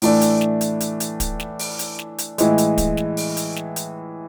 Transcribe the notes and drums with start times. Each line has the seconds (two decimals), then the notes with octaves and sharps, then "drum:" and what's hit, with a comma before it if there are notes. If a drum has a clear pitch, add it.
0.02 A2 E3 A3 D4, drum: open hi-hat
0.21 drum: hi-hat
0.41 drum: snare
0.61 drum: hi-hat
0.80 drum: hi-hat
1.00 drum: hi-hat
1.20 drum: kick, hi-hat
1.40 drum: snare
1.59 drum: open hi-hat
1.79 drum: hi-hat
1.99 drum: snare
2.18 drum: hi-hat
2.38 A2 E3 G#3, drum: hi-hat
2.58 drum: hi-hat
2.78 drum: kick, hi-hat
2.97 drum: snare
3.17 drum: open hi-hat
3.37 drum: hi-hat
3.56 drum: snare
3.76 drum: hi-hat